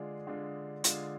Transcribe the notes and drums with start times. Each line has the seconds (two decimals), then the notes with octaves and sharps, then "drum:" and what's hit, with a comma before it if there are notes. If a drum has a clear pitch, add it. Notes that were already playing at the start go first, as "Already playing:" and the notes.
Already playing: D3 G#3 D4 F4 G#4
0.27 D3 G#3 D4 F4 G#4
0.84 D3 G#3 D4 F4 G#4, drum: hi-hat